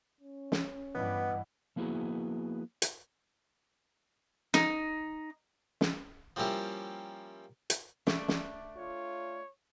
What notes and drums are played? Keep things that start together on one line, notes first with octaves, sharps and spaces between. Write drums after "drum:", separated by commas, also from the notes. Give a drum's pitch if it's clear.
C#4
drum: snare
G2 E3 B3 D#5 F#5
F3 A#3 B3 E4 F#4 G#4
drum: hi-hat
D#4, drum: snare
drum: snare
F3 G3 A#3 C#4 E4 G4
drum: hi-hat
A3 D4 A4, drum: snare
drum: snare
F4 C#5